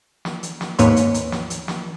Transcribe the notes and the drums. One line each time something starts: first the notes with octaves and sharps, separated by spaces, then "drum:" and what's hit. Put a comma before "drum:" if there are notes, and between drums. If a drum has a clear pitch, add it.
drum: snare
drum: hi-hat
drum: snare
D#2 G#2 A#3 B4 C#5 C6, drum: hi-hat
drum: hi-hat
drum: hi-hat
drum: snare
drum: hi-hat
drum: snare